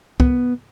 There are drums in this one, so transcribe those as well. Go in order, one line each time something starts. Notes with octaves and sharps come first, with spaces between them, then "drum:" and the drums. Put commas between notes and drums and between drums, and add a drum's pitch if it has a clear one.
B3, drum: kick